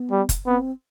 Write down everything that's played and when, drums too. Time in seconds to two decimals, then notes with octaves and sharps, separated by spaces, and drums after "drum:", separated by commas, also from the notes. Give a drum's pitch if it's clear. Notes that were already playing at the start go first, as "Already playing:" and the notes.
Already playing: B3
0.11 G3
0.29 drum: kick F#1, hi-hat
0.46 B3 C4